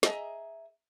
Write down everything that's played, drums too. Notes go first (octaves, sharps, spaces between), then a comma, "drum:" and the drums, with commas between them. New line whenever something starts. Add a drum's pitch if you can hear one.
G#4 D#5 E5 A5 A#5, drum: snare